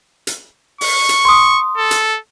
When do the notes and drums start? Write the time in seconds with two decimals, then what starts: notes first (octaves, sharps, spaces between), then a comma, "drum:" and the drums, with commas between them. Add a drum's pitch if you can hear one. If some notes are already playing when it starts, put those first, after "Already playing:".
0.27 drum: hi-hat
0.81 C#6, drum: open hi-hat
1.09 drum: hi-hat
1.25 C6 D#6
1.77 A4
1.91 drum: hi-hat